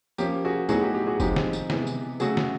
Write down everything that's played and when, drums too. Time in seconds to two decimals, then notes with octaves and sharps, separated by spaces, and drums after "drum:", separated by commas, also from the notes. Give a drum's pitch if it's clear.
0.18 F3 A#3 C#4 G4, drum: tambourine
0.45 F#4 G#4
0.69 A2 F#3 B3 D#4 F#4 G#4, drum: tambourine
0.81 G4
0.94 G4
1.07 F#4 G#4
1.20 F3 G#3 C4 D#4 G4, drum: kick F#1, tambourine
1.36 drum: snare
1.53 drum: tambourine
1.70 C3 E3 G#3 B3, drum: snare
1.87 drum: tambourine
2.20 C#3 F#3 A3 C#4 F#4 G#4, drum: tambourine
2.37 drum: snare